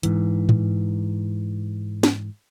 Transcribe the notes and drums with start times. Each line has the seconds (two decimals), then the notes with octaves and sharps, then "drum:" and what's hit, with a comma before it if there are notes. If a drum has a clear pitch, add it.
0.03 G#2 E3, drum: hi-hat
0.49 drum: tom G#2
2.03 drum: snare